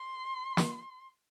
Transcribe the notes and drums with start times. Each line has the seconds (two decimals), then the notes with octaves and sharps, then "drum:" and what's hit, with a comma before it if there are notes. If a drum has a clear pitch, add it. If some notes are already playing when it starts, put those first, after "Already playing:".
Already playing: C6
0.57 drum: snare